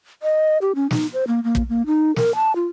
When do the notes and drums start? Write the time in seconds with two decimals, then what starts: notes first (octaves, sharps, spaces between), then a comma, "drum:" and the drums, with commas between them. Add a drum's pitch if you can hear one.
0.23 D#5
0.62 G4
0.75 C#4
0.91 D#4, drum: snare
1.13 C5
1.27 A#3
1.44 A#3
1.55 drum: kick
1.69 A#3
1.87 D#4
2.16 A#4, drum: snare
2.35 A5
2.56 F4